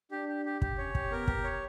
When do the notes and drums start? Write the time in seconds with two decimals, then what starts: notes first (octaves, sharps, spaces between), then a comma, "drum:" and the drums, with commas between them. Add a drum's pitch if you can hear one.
0.11 D4 G4
0.29 G4
0.45 G4
0.62 G4, drum: kick
0.78 C#4 C#5
0.95 G4, drum: kick
1.10 B3 A#4
1.28 G4, drum: kick
1.44 C#5